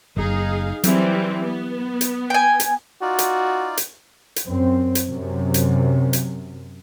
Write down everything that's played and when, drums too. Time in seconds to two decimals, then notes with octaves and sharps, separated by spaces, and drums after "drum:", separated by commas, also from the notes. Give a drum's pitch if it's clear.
0.16 F#1 D#4 G#4 F5
0.84 E3 F#3 G3 C4, drum: hi-hat
1.45 B3
2.01 drum: hi-hat
2.30 G5 G#5
2.60 drum: hi-hat
3.02 D#4 F4 F#4 D5
3.19 drum: hi-hat
3.77 drum: hi-hat
4.36 drum: hi-hat
4.46 F#2 C4
4.95 drum: hi-hat
5.09 F#2 C3
5.54 drum: hi-hat
6.13 drum: hi-hat